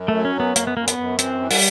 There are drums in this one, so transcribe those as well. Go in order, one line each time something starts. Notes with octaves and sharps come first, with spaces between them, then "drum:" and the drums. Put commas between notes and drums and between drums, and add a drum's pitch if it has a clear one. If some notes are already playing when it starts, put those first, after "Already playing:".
Already playing: F#2
A3
F#3
C#4
F#2 B3
F#2 A#3, drum: hi-hat
B3
F#2 A#3
B3, drum: hi-hat
F#2
E3 C4, drum: hi-hat
E3
G3, drum: open hi-hat